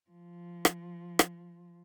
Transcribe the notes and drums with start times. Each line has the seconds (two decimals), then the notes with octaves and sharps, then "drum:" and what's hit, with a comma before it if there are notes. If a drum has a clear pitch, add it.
0.10 F3
0.65 drum: rim click
1.19 drum: rim click